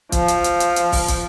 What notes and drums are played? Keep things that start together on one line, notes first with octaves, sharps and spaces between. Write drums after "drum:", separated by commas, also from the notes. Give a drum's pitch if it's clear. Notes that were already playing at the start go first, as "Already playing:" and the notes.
F3, drum: kick, hi-hat
drum: hi-hat
drum: hi-hat
drum: hi-hat
drum: hi-hat
drum: kick, open hi-hat
drum: kick, hi-hat